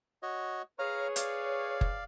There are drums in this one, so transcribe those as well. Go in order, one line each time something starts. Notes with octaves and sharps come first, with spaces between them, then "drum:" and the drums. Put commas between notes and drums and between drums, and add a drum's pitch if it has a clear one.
F#4 C#5 D#5
G#4 B4 C#5 F5 A#5 F6
D5 F5, drum: hi-hat
drum: kick F#1